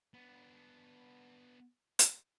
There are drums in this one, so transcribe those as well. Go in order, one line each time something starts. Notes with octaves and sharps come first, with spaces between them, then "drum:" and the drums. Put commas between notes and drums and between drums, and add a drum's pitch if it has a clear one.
B3 D4
drum: hi-hat